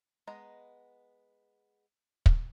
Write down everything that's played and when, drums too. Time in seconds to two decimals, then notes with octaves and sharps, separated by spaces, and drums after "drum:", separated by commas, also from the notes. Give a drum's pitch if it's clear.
0.27 G#3 B3 D#5 A#5
2.26 drum: kick